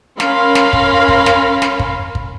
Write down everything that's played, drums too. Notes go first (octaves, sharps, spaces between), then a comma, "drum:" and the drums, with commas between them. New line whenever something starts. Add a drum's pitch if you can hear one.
C#4 A#4 F5 B5 C6, drum: snare
drum: snare
drum: kick
drum: kick
drum: snare
drum: snare
drum: kick
drum: kick